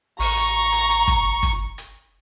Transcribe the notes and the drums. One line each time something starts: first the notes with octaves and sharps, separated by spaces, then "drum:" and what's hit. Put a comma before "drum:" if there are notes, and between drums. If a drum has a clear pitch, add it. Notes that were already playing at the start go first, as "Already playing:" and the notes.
A1 A#5 C#6, drum: open hi-hat
drum: hi-hat
drum: hi-hat
drum: hi-hat
drum: kick, hi-hat
drum: kick, hi-hat
drum: hi-hat